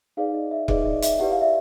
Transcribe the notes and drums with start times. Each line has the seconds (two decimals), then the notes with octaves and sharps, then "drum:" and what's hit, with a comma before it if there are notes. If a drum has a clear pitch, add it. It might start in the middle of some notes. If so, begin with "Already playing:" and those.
0.17 D#4 G#4 B4 D5 F5
0.34 D#5
0.51 E5
0.68 D#4 G#4 B4 D5 D#5, drum: kick C#1
0.86 D#5
1.02 E5, drum: hi-hat
1.20 E4 G4 B4 D5 F#5
1.31 F5
1.41 E5